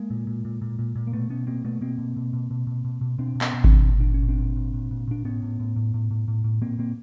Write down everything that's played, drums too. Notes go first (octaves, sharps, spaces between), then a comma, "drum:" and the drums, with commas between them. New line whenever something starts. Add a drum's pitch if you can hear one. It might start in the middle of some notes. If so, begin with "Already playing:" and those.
Already playing: G#3 A#3
A#2
A#2
A#2
A#2
A#2
A#2
A#3
B2 A3 B3
B2 B3 C#4
B2 A#3 C4
B2 A3 B3
B2 A#3 C4
B2
B2
B2
B2
B2
B2
B2
B2 C4 D4
B2
B3 C#4, drum: clap
B2
C4 D4, drum: kick G#1
B2
A#2
A#2 D4
C#4
A#2
C4 D4
A#2
A#2
A#2
A#2
A#2 D4
A2 B3 C#4
A2
A2
A2
A2
A2
A2
A2
A#2 A#3 C4
A#2 A#3 C4